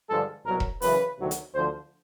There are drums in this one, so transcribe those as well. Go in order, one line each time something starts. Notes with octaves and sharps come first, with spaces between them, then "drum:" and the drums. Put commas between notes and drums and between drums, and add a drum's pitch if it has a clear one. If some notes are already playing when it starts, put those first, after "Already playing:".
G2 D3 F3 G#3 A4
C2 B2 F#3 A#4
drum: kick E1
F#2 C#3 E3 B4, drum: open hi-hat
D2 C3 D#3 F#3
drum: hi-hat
D2 D3 F3 C5